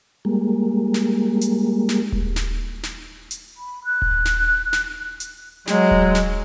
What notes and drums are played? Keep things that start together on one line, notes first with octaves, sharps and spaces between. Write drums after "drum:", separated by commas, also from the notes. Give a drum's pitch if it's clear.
G3 G#3 A#3
drum: snare
drum: hi-hat
drum: snare
drum: kick D#1
drum: snare
drum: snare
drum: hi-hat
B5
F#6
drum: kick D#1
drum: snare
drum: snare
drum: hi-hat
F#3 G#3, drum: snare
drum: kick D#1
drum: snare